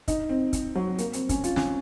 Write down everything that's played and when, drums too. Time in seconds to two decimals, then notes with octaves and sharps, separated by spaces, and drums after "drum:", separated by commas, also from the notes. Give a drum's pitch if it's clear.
0.08 D#4, drum: kick, hi-hat
0.29 C4
0.53 drum: kick, hi-hat
0.75 F#3
0.98 A#3, drum: hi-hat
1.13 C4, drum: hi-hat
1.29 C#4, drum: kick, hi-hat
1.44 F4, drum: hi-hat
1.56 C#4, drum: snare